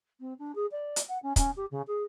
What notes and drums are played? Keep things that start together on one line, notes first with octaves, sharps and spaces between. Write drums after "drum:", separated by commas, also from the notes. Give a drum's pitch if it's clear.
C4
D4
G#4
D5
drum: hi-hat
F#5
C#4
C#4, drum: kick, hi-hat
G4
C#3
G#4